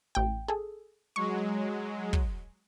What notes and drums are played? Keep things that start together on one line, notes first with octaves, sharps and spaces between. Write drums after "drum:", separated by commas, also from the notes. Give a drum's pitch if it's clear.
A1 G5
G#4 A4
F#3 G#3 C#6
drum: kick